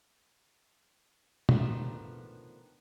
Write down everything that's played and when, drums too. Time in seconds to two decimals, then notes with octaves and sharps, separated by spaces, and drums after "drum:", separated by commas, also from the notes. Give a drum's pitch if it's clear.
1.49 D#3 F3 A3 B3 D4, drum: tom